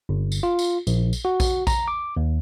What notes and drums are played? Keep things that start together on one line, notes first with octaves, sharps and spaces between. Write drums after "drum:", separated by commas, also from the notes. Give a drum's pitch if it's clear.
G1
drum: tambourine
F4
drum: tambourine
A#1, drum: tambourine
drum: tambourine
F#4
drum: kick A#1, tambourine
A#5, drum: kick A#1, tambourine
D6
D#2